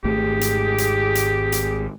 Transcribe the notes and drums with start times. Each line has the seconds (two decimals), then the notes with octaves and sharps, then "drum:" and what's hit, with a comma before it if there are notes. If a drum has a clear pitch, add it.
0.04 G#1 G#2 A3 G4 G#4
0.41 drum: hi-hat
0.78 drum: hi-hat
1.15 drum: hi-hat
1.52 drum: hi-hat